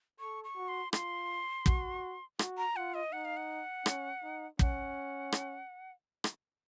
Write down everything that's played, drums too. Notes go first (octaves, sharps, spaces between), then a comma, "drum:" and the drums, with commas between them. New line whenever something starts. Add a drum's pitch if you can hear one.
A4 C#6
C#6
F#4
C6
F4 C6, drum: rim click
F#4, drum: kick
F#4, drum: rim click
A#5
F4 F#5
D#5
D#4 F#5
F5
F#5
C#4, drum: rim click
D#4
C#4 F#5, drum: kick
drum: rim click
drum: rim click